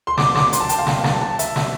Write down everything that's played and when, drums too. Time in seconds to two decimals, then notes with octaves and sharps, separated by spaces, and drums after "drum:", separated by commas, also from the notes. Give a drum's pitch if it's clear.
0.07 C6
0.18 D6, drum: snare
0.35 D6, drum: snare
0.53 C6, drum: hi-hat
0.61 A5
0.69 G5, drum: hi-hat
0.78 F5
0.87 G5, drum: snare
1.04 A5, drum: snare
1.22 A5
1.39 E5, drum: hi-hat
1.56 drum: snare